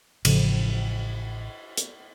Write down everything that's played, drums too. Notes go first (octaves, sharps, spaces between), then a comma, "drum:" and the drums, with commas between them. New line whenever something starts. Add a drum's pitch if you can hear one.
A1 C#3 F3, drum: cymbal
drum: hi-hat